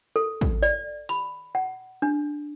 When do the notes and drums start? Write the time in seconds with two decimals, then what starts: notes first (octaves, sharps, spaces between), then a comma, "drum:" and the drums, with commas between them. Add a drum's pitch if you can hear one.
0.16 A4
0.41 drum: kick
0.63 D5
1.09 B5, drum: hi-hat
1.55 F#5
2.02 D4